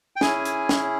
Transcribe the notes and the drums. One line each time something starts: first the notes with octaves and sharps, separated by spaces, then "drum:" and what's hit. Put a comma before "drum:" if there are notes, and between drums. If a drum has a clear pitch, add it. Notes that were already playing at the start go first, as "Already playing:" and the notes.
G5
C#4 E4 G#4 G#5, drum: snare
drum: hi-hat
drum: snare